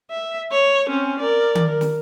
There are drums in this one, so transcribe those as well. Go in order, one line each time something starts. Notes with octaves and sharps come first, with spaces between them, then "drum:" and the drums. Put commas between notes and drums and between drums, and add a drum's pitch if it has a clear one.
E5
C#5
C4 C#4
A#4 D5
drum: tom D#3
A#4
drum: snare